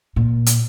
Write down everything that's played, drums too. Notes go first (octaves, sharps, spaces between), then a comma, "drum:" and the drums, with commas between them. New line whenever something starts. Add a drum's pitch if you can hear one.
A#2
drum: hi-hat